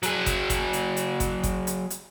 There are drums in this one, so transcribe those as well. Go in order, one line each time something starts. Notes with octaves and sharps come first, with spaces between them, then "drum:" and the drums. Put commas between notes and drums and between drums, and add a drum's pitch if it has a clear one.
F#3 G#4, drum: hi-hat
drum: kick G1, hi-hat
drum: kick G1, hi-hat
drum: hi-hat
drum: hi-hat
drum: kick G1, hi-hat
drum: kick G1, hi-hat
drum: hi-hat
drum: hi-hat